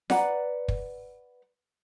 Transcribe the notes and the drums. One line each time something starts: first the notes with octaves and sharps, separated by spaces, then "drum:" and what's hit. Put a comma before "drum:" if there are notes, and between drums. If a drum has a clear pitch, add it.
B4 D5 F#5 A#5, drum: snare F4
drum: kick